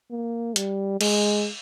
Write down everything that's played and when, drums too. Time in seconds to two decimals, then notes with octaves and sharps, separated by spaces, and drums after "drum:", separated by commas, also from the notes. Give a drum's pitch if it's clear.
0.11 A#3
0.56 G3, drum: hi-hat
1.01 G#3, drum: cymbal